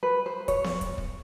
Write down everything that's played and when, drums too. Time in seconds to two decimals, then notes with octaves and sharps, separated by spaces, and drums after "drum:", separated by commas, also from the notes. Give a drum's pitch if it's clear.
0.03 B4
0.26 C5
0.48 C#5, drum: kick, hi-hat
0.64 drum: snare B3
0.81 drum: kick, hi-hat
0.98 drum: kick